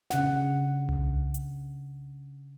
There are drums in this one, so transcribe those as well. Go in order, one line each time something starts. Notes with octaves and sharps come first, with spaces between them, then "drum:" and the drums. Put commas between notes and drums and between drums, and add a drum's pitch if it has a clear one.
C#3 D4 F#5, drum: snare
drum: tom C2
drum: hi-hat